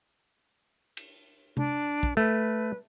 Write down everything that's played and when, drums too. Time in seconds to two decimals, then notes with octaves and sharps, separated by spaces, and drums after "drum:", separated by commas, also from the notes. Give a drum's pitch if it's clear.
0.97 drum: cymbal
1.57 D4, drum: tom C3
2.03 drum: kick
2.17 A3 B4